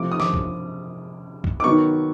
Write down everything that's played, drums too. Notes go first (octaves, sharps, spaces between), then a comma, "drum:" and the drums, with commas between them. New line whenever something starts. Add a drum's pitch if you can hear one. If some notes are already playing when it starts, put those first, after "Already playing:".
Already playing: C3 F3 A3 D6
D#6
D6, drum: snare
drum: kick
drum: kick
D6
D#3 F#3 B3 C#6